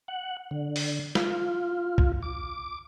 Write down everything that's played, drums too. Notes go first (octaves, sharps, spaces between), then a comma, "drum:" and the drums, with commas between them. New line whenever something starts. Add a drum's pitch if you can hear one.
F#5
D3
drum: open hi-hat
F4, drum: snare
drum: kick B1
D6